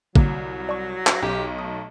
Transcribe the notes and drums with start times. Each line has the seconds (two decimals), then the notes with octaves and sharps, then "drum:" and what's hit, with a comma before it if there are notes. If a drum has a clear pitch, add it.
0.15 C2 D3 F#3 A#3 D6, drum: kick
0.69 D5 A5 C#6
1.07 drum: clap
1.22 B1 G4 G5
1.59 A3 D#6